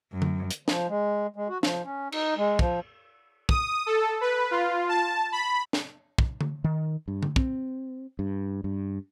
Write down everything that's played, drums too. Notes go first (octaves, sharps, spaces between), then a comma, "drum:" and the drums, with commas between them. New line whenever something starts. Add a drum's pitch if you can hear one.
F#2
drum: tom D3
drum: hi-hat
F3, drum: snare
G#3
G#3
F#4
F3, drum: snare
C#4
D#4, drum: cymbal
G#3
F3, drum: kick
D#6, drum: kick
A4
B4
F4
A5
B5
drum: snare
drum: kick
drum: tom D3
D#3
G2
drum: tom D3
C4, drum: kick
G2
G2